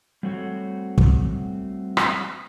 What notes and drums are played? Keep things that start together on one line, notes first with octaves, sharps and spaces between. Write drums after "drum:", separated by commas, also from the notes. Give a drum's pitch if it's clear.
G3 A3 C4 F#4 A4 C#5
drum: kick
drum: rim click